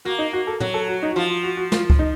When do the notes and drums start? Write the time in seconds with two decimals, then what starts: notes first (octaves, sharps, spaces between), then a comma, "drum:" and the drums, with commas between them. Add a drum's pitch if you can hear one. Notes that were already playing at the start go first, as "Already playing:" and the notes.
0.05 A#3 F#4
0.19 D#4
0.33 F#4
0.47 A4
0.60 F#3, drum: tom
0.74 A4
0.88 F#4
1.03 D#4
1.11 F#4
1.16 F3 F4
1.29 F4
1.43 F#4
1.57 F#4
1.72 F4, drum: snare
1.90 drum: kick C#2
1.99 D#4